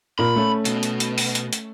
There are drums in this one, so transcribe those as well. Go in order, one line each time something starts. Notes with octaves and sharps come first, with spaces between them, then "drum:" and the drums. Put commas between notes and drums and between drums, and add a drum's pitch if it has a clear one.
A#2 A#4 B5
A3 C#4
B2, drum: hi-hat
drum: hi-hat
drum: hi-hat
drum: open hi-hat
drum: hi-hat
drum: hi-hat